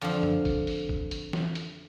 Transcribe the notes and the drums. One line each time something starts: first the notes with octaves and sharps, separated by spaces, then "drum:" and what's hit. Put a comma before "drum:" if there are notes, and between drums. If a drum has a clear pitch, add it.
F2 D3 F3, drum: open hi-hat
drum: tom F#2
drum: kick G#1, open hi-hat
drum: open hi-hat
drum: kick G#1
drum: hi-hat
drum: snare
drum: hi-hat